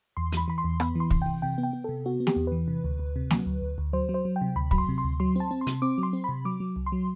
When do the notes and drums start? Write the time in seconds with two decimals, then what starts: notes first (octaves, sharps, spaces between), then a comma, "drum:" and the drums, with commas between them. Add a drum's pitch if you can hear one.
0.17 E2 C6
0.32 E3 B5, drum: hi-hat
0.48 E3 B5
0.58 C6
0.64 E2
0.80 B3 B5, drum: rim click
0.95 E3 C6
1.11 C3, drum: kick
1.22 E3 G5
1.42 C3 G5
1.58 B3
1.63 G5
1.73 B3
1.84 C3 A4
2.06 B3 F#4
2.20 B3
2.27 G4, drum: snare
2.36 E2
2.47 E3 B4
2.68 C3
2.84 D2
2.99 D2
3.16 C3
3.31 F#3, drum: snare
3.46 D2
3.62 D2
3.78 D2
3.93 F#3 C5
4.09 F#3
4.14 C5
4.25 F#3
4.36 G5
4.41 C3
4.56 D2 B5
4.71 F#3 B5, drum: kick
4.78 C6
4.89 C3
4.98 C6
5.04 D2
5.20 F#3 C6
5.36 C4 A5
5.51 C4
5.61 C6
5.67 C3, drum: hi-hat
5.82 C4 D6
5.98 F#3
6.03 C6
6.13 C4
6.24 C3 B5
6.45 F#3 D6
6.60 F#3
6.76 C2
6.86 C6
6.92 F#3